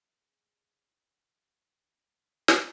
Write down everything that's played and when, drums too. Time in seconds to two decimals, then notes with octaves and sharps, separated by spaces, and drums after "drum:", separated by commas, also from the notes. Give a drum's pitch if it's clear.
0.16 G#4 B4
2.48 drum: snare